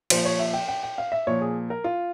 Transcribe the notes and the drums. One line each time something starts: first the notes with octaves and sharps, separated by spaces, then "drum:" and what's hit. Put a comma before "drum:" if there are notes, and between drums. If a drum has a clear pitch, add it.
A#2 F3 C5, drum: cymbal
C#5
E5
G5
G5
G5
F5
E5
A#2 F3 C#5
G#4
A#4
F4